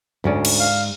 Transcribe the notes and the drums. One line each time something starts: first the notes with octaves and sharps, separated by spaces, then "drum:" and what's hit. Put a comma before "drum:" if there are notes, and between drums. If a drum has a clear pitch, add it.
D2 G#2 G#3 C#4 D5
drum: cymbal
F5